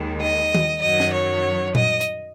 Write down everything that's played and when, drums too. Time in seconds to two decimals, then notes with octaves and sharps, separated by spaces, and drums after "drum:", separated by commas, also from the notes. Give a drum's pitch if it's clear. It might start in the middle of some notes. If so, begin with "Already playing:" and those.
Already playing: D#2 D#3 G#3
0.21 D#5
0.55 drum: tom D#3
0.82 F#2 D#3 F#3 D#5
1.00 drum: snare
1.13 C#5
1.75 D#5, drum: tom A#2
2.01 drum: hi-hat